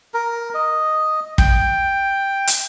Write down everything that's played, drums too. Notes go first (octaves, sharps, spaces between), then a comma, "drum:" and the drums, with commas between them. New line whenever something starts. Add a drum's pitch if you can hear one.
A#4
D#5
G5, drum: kick
drum: hi-hat